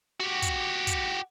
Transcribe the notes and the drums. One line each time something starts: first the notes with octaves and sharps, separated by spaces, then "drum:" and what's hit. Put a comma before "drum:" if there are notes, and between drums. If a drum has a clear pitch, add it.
F#4 G4
drum: kick, hi-hat
drum: kick, hi-hat